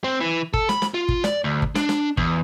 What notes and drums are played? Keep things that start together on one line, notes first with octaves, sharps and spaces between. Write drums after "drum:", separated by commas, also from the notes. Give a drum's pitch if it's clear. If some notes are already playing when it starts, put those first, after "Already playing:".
C4
E3
A4, drum: kick
B5, drum: snare
drum: snare
F4
drum: kick
D5, drum: snare
D2
drum: kick
D4, drum: snare
drum: snare
E2, drum: kick